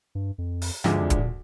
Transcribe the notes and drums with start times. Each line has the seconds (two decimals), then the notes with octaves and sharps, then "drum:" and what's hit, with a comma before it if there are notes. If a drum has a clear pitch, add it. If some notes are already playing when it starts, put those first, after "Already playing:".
0.15 G2
0.38 F2
0.62 drum: open hi-hat
0.84 D2 G#2 D3 F3 G#3, drum: snare
0.93 G2
1.02 F2
1.10 G2, drum: kick, hi-hat
1.21 A#2